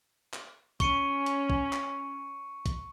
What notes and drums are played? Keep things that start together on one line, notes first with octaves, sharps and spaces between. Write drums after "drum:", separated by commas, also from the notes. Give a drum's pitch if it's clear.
drum: clap
C#4 C#6 C#7 D#7, drum: kick, hi-hat
drum: hi-hat
drum: kick
drum: clap
drum: kick, hi-hat